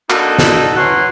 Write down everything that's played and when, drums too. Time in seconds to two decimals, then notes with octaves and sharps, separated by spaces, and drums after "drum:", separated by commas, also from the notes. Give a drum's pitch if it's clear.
0.10 A#3 D4 D#4 F#4 A4, drum: clap
0.39 drum: snare
0.76 E3 F#3 C#4 F#5 A#5 C6